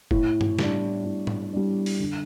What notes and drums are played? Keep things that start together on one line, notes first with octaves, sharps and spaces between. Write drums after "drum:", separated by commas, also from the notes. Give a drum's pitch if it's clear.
A2, drum: kick F1
drum: tom G2
G3 D4, drum: snare
A2
drum: tom G#2
G3 D4
drum: open hi-hat
D3